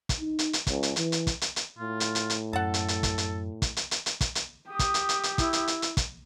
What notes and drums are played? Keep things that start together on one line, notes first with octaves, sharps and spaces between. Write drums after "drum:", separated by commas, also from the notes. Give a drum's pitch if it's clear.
drum: kick, hi-hat
D#4
drum: hi-hat
drum: hi-hat
C#2, drum: kick, hi-hat
drum: hi-hat
E3, drum: hi-hat
drum: hi-hat
drum: kick, hi-hat
drum: hi-hat
drum: hi-hat
A2 F4
drum: hi-hat
drum: hi-hat
drum: hi-hat
F#2 A4 F#5 A5
drum: hi-hat
drum: hi-hat
drum: kick, hi-hat
drum: hi-hat
drum: kick, hi-hat
drum: hi-hat
drum: hi-hat
drum: hi-hat
drum: kick, hi-hat
drum: hi-hat
G4 D#6
drum: kick, hi-hat
drum: hi-hat
drum: hi-hat
drum: hi-hat
E4, drum: kick, hi-hat
drum: hi-hat
drum: hi-hat
drum: hi-hat
drum: kick, hi-hat